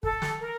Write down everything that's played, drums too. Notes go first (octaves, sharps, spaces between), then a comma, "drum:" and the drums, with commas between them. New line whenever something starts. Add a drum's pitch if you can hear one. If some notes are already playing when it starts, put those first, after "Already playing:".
A4, drum: kick
drum: snare
A#4